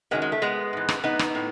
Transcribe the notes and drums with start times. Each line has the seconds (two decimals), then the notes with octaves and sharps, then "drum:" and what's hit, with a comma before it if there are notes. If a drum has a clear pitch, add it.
0.11 F#2 D#3 F#3 G#3 B3
0.22 G#3
0.32 A3
0.42 G#3 B3
0.73 G#2 E3
0.89 drum: rim click
1.04 B3 D#4
1.19 drum: rim click
1.35 A2